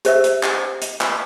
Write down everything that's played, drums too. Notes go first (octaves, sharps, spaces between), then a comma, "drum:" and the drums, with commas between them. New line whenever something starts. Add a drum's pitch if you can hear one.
G4 C5 E5 E6, drum: hi-hat
drum: hi-hat
drum: clap
drum: hi-hat
drum: clap